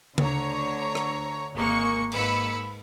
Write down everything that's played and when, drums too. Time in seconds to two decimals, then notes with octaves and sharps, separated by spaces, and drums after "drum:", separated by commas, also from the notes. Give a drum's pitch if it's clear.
0.18 D2 D3 C#5 A#5, drum: tom C#3
0.95 drum: rim click
1.55 G#1 G#3 A#3 C#6 C#7
2.12 G#2 A#3 B4 B5 E6 C#7, drum: cymbal